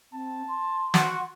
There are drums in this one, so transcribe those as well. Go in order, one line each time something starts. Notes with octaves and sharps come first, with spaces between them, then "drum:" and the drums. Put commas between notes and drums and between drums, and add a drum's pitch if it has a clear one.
C4 A5
C6
F#4, drum: snare